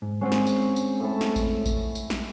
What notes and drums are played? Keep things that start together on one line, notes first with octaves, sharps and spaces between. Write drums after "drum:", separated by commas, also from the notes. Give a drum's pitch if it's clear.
G#2
G#3 C4 C#4 C5 F#5
drum: snare
drum: tambourine
drum: tambourine
A2 E4 A5
drum: snare
drum: kick A1, tambourine
drum: kick A1, tambourine
drum: tambourine
drum: snare